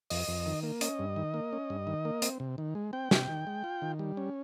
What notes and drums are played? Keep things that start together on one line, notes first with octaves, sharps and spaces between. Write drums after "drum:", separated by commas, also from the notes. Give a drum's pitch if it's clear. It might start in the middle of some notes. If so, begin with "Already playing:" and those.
F2 D#5, drum: open hi-hat
F2
D#3
A#3
C#4 D#5, drum: hi-hat
G2
D#3
A#3
C#4
G2
D#3
A#3
C4, drum: hi-hat
C3
D#3
G#3
C4 G5
C3, drum: snare
D#3
G#3
F4
D#3
G3
C#4